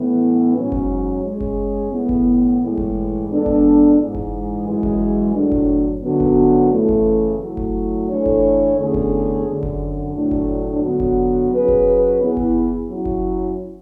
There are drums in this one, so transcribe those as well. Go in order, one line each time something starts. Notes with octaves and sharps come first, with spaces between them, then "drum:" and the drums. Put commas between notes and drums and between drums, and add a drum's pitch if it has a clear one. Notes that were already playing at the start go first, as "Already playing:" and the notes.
Already playing: A2 E3 B3
G#2 F#3 C#4
drum: kick F#1
G#3 C#4 G#4
drum: kick F#1
A2 E3 B3
drum: kick F#1
A2 E3 G#3
drum: kick F#1
G#3 B3 D4 A4
drum: kick F#1
G#2 E3 G#3
drum: kick F#1
F#2 E3 G#3
drum: kick F#1
A2 F#3 A3 D4
drum: kick F#1
F#2 D3 F#3 B3 F#4
drum: kick F#1
C#3 E3 A3
drum: kick F#1
F#3 A3 E4
drum: kick F#1
E3 A3 D4 A4 C#5
drum: kick F#1
E2 D3 A3 C#4 G#4
drum: kick F#1
F#2 D3 F#3
drum: kick F#1
A2 F#3 A3 D4
drum: kick F#1
D3 F#3 B3 F#4
drum: kick F#1
F#3 C#4 G#4 B4
drum: kick F#1
E3 B3 E4 G#4
drum: kick F#1
F#3 C#4 E4
drum: kick F#1